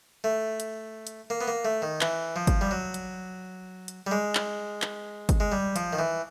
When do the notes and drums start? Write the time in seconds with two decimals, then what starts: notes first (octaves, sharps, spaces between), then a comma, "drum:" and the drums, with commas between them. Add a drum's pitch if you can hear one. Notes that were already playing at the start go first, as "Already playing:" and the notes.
0.24 A3
0.60 drum: hi-hat
1.07 drum: hi-hat
1.30 A#3
1.41 B3
1.48 A#3
1.65 A3
1.82 D#3
2.01 E3, drum: clap
2.36 F3
2.47 drum: kick G1, hi-hat
2.61 G3
2.71 F#3
2.94 drum: hi-hat
3.88 drum: hi-hat
4.07 G3
4.11 G#3
4.35 drum: clap
4.82 drum: clap
5.29 drum: kick G1, hi-hat
5.40 G#3
5.52 G3
5.76 F3, drum: hi-hat
5.93 D#3
5.99 E3